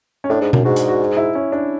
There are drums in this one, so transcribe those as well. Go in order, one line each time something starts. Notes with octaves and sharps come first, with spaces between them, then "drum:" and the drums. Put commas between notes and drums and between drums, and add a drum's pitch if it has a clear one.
C#4
A2 D4
G#2
F#2, drum: tom B2
G#2 F#4
G#4, drum: hi-hat
F#4
E4
C#4
D4